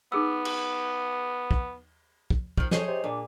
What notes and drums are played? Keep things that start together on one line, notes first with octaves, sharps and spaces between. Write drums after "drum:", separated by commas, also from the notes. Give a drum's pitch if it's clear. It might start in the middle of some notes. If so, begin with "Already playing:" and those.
B3 D#4 G#4 E6
drum: cymbal
drum: kick
drum: kick
D#3 F3, drum: kick
F2 D#4 G#4 C5 C#5, drum: snare
C3
A#2 D4